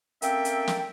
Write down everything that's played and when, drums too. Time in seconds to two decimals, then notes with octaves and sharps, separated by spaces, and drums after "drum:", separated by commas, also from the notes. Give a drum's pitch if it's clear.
0.22 A#3 C4 C#4 A4 E5 G5, drum: hi-hat
0.45 drum: hi-hat
0.68 drum: snare